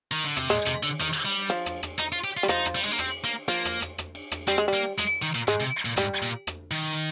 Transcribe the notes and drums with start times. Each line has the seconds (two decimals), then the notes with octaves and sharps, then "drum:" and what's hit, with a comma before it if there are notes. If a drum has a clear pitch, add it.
0.12 D#3
0.25 D3
0.36 C3, drum: rim click
0.49 A#2 G#3, drum: rim click
0.66 C3, drum: rim click
0.83 D3, drum: cymbal
1.00 D#3, drum: rim click
1.25 G3
1.50 F3, drum: cymbal
1.66 drum: rim click
1.83 drum: rim click
1.99 D#4, drum: rim click
2.12 F4
2.24 G4
2.37 F4
2.43 G3
2.49 F3 D#4, drum: rim click
2.66 drum: rim click
2.76 G3
2.83 G#3, drum: cymbal
2.92 A#3
2.99 C4, drum: rim click
3.24 A#3
3.48 F3 A#3
3.65 drum: rim click
3.82 drum: rim click
3.98 drum: rim click
4.15 drum: cymbal
4.31 drum: rim click
4.48 G3 C4, drum: rim click
4.58 G#3
4.68 G3
4.74 A#3
4.98 G#3, drum: rim click
5.22 D#3
5.35 A#2
5.48 G#2 G#3
5.60 C3
5.85 A#2
5.97 G#2 G3, drum: rim click
6.22 A#2
6.47 drum: rim click
6.71 D#3